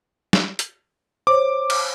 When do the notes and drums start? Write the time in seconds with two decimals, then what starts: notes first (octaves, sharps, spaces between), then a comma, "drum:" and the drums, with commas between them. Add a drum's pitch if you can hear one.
0.33 drum: snare
0.59 drum: hi-hat
1.27 C5 C#5 D6
1.70 drum: cymbal